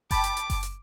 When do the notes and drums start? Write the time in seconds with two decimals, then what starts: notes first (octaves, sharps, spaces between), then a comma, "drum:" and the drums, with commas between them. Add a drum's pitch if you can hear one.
0.11 G5 A5 B5 D6, drum: kick F#1, open hi-hat
0.24 drum: hi-hat
0.37 drum: hi-hat
0.50 drum: kick F#1, open hi-hat
0.63 drum: hi-hat